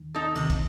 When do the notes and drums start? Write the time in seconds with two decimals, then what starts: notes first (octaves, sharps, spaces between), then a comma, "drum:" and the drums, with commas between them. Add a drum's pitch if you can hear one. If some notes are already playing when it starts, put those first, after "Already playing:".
Already playing: D#2 D#3
0.15 D#4 A4
0.35 D#2 C3 D#3, drum: cymbal
0.50 drum: kick, cymbal